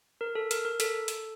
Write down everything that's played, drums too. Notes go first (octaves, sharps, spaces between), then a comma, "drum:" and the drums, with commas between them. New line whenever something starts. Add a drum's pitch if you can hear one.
A#4
A4
A#4, drum: hi-hat
A#4
A4, drum: hi-hat
drum: hi-hat